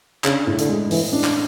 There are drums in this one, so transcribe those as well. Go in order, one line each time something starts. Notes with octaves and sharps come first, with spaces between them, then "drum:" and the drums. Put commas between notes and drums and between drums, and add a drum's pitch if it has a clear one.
C#3 D4, drum: clap
A2
D3, drum: hi-hat
G#3
A2 E3, drum: open hi-hat
D4
drum: clap